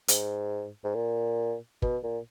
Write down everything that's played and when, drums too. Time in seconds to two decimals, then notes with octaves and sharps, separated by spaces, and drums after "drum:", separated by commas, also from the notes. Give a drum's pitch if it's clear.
0.08 G#2, drum: hi-hat
0.84 G#2
0.95 A#2
1.82 B2, drum: kick
2.03 A#2